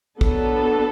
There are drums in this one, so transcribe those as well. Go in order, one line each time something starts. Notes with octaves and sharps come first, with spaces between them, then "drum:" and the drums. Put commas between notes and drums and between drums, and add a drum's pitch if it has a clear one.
F#3 B3 D4 A4, drum: kick